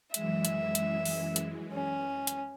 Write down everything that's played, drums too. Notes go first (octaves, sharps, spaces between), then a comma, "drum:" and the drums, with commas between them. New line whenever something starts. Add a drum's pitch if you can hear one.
F#2 E3 G#3 E5, drum: hi-hat
drum: hi-hat
drum: hi-hat
drum: open hi-hat
drum: hi-hat
C#4
drum: hi-hat